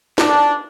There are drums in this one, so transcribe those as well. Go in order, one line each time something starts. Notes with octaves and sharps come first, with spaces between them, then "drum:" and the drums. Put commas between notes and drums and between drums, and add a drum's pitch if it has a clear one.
D4, drum: snare